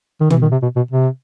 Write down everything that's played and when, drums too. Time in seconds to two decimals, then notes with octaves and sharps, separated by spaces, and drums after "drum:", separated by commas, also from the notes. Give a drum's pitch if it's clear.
0.21 D#3
0.30 E3, drum: tom
0.42 D#3
0.52 C3
0.62 B2
0.76 B2
0.91 C3